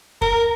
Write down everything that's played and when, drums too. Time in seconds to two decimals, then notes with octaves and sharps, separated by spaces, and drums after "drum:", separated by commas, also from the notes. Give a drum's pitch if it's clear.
0.22 A#4, drum: kick